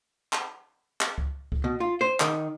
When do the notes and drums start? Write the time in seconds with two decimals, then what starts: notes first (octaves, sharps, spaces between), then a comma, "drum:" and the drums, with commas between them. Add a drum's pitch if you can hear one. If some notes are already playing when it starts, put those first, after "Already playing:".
0.33 drum: clap
1.01 drum: clap
1.18 drum: kick C#2
1.52 drum: kick C#2
1.64 B2
1.80 F4
2.01 C5
2.20 D#3, drum: clap